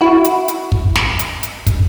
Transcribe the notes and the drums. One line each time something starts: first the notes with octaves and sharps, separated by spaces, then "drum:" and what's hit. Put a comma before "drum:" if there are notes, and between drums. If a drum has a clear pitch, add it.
E4 F#4
drum: hi-hat
drum: hi-hat
drum: kick
drum: snare
drum: hi-hat
drum: hi-hat
drum: kick, hi-hat